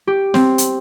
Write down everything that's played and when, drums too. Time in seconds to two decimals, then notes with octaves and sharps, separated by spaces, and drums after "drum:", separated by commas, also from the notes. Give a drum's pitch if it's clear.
0.07 G4
0.34 C4, drum: snare
0.58 drum: hi-hat